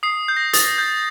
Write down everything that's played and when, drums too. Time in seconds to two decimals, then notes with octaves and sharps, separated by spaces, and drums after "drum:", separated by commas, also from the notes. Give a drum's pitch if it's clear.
0.03 D#6 C7
0.28 G6
0.37 A#6
0.53 D#6 A6, drum: hi-hat
0.78 G6